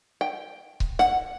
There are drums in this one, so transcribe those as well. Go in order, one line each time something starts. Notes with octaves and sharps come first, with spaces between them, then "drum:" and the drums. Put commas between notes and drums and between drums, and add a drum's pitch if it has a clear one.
G5
drum: kick C#1
F#5, drum: snare